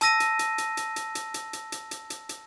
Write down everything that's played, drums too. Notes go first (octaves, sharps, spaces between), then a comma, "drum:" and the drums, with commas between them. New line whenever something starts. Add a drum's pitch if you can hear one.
A5 E6 A#6 D#7, drum: hi-hat
drum: hi-hat
drum: hi-hat
drum: hi-hat
drum: hi-hat
drum: hi-hat
drum: hi-hat
drum: hi-hat
drum: hi-hat
drum: hi-hat
drum: hi-hat
drum: hi-hat
drum: hi-hat